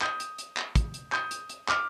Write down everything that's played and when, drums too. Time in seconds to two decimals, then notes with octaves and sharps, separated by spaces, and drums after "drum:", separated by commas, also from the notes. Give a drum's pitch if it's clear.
0.02 D#6 G6, drum: clap
0.20 drum: hi-hat
0.38 drum: hi-hat
0.57 drum: clap
0.75 drum: kick, hi-hat
0.94 drum: hi-hat
1.12 D#6 G6, drum: clap
1.31 drum: hi-hat
1.49 drum: hi-hat
1.69 D6 F6, drum: clap